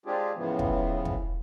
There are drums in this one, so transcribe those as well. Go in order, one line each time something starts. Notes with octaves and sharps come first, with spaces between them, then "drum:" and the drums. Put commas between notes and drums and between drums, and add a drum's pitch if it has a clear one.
G#3 C4 D4 F4 G4 G#4
A2 C#3 E3 F3 B3
drum: kick
drum: kick